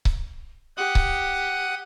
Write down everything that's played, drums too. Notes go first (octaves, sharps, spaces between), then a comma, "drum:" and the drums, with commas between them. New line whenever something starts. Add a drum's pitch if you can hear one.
drum: kick C#1
G4 F#5 D#6 F#6
drum: kick C#1